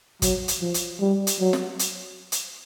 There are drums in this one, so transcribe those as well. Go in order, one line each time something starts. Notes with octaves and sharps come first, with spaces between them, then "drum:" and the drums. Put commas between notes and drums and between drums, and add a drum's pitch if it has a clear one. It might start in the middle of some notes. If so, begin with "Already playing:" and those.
F#3, drum: kick, hi-hat
drum: hi-hat
F3
drum: hi-hat
G3
drum: hi-hat
F#3
drum: snare
drum: hi-hat
drum: hi-hat